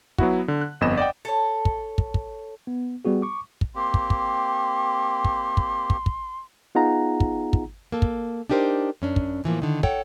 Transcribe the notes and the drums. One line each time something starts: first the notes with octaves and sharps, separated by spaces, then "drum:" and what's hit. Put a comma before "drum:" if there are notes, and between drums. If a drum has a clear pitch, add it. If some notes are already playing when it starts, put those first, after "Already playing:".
F#3 B3 E4 F#4, drum: kick
D3
F#6
G1 F2 B3 D#5 E7
D5 D#5 F#5 G5
A4 C#5
drum: kick
drum: kick
drum: kick
B3
G3 B3 F#4 G#4
C#6 D6
drum: kick
A#3 C4 G4 C6
drum: kick
drum: kick
drum: kick
drum: kick
drum: kick
drum: kick
B3 D#4 F4 G#4 F#5 A#5
drum: kick
drum: kick
A#3 A4
drum: kick
D4 D#4 G4 A#4 C5
F#2 C#4 D4
drum: kick
A2 E3 F3 A#3
D3 D#3
A4 C#5 F#5 G5, drum: kick